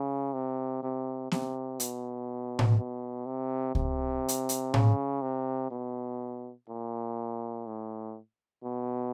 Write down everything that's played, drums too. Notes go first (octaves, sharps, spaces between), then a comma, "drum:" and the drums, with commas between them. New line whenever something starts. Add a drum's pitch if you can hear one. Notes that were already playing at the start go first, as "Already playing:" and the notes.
Already playing: C#3
C3
C3
C3, drum: snare B3
B2, drum: hi-hat
drum: tom A2
B2
C3
C3, drum: kick C#2
drum: hi-hat
drum: hi-hat
C#3, drum: tom A2
C3
B2
A#2
A2
B2